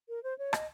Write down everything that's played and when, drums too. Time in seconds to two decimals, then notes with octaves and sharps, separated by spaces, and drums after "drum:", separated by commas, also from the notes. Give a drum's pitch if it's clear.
0.09 A#4
0.23 C5
0.38 C#5
0.53 D#5, drum: rim click